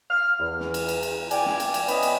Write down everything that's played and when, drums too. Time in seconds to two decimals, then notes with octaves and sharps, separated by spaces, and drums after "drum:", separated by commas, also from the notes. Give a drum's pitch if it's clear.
0.10 F6
0.40 E2
0.60 drum: snare
0.74 drum: cymbal
0.88 drum: cymbal
1.03 drum: cymbal
1.31 D5 G5 G#5, drum: cymbal
1.45 drum: snare
1.60 drum: cymbal
1.74 drum: cymbal
1.88 E3 B3 C#4 D#5 B5, drum: cymbal
2.03 drum: cymbal